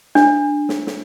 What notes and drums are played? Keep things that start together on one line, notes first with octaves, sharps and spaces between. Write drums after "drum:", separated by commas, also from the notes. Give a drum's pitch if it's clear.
D4, drum: snare
drum: snare
drum: snare